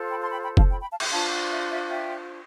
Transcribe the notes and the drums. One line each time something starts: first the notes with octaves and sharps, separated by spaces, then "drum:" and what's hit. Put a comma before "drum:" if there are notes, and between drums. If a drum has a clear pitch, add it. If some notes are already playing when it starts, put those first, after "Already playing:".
Already playing: F4 A4 C5
G5 B5
A5 C6
G5 B5
G5 B5
F5 A5, drum: kick F1
G5 B5
G5 B5
F5 A5
E5 G5, drum: cymbal
D4 F4 C5 F5 A5
E5
E5
E5 G5